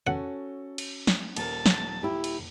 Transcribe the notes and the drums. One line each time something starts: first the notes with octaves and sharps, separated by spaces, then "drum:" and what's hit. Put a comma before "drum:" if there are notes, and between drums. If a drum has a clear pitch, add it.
C#4 F#4 A4 F#5
drum: cymbal
drum: snare
D#1 A#4 A5, drum: cymbal
drum: snare
E4 G4
drum: cymbal